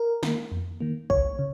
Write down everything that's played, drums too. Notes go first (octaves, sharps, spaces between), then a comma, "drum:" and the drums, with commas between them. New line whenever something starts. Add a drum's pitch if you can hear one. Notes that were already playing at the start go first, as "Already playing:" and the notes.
Already playing: A#4
D#3 A#3, drum: snare
F2
D#3 A#3
C#2 C#5, drum: kick
C#3